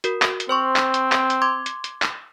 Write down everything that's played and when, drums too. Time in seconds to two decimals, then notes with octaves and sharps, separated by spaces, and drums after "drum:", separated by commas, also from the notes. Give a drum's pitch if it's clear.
0.04 F#4 A#4, drum: hi-hat
0.22 drum: clap
0.40 drum: hi-hat
0.49 C4 C5 C6 C#6
0.76 drum: clap
0.94 drum: hi-hat
1.12 drum: clap
1.30 drum: hi-hat
1.42 C6 D6 G#6
1.66 drum: hi-hat
1.84 drum: hi-hat
2.02 drum: clap